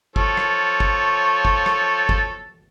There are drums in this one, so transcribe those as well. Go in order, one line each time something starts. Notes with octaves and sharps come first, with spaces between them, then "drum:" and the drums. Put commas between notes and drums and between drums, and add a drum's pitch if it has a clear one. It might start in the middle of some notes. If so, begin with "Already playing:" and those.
F3 A4 C#5, drum: kick G1
drum: rim click
drum: kick G1
drum: kick G1
drum: rim click
drum: kick G1